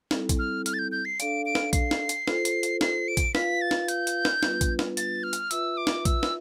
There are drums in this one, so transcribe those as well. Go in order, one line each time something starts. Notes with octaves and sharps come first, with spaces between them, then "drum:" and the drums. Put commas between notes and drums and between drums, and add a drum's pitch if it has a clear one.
G3 C4 E4 A4, drum: snare
drum: kick A#1, hi-hat
F6
F6, drum: hi-hat
A6
G6
G6
C7
D4 A4 D5 F5 D7, drum: hi-hat
D7
drum: snare
C7, drum: kick A#1, hi-hat
drum: snare
drum: hi-hat
F4 A4 C5, drum: snare
drum: hi-hat
drum: hi-hat
C7, drum: snare
D7
drum: kick A#1, hi-hat
F4 B4 F5 B6, drum: snare
A6
drum: snare
G6, drum: hi-hat
drum: hi-hat
drum: snare
G3 B3 D4 F4 B4, drum: snare
drum: kick A#1, hi-hat
drum: snare
A6, drum: hi-hat
F6
drum: hi-hat
F4 B4 E5 E6, drum: hi-hat
D6
drum: snare
E6, drum: kick A#1, hi-hat
drum: snare